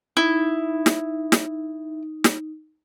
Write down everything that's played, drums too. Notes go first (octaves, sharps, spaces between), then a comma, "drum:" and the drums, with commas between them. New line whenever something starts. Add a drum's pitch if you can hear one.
D#4 E4
drum: snare
drum: snare
drum: snare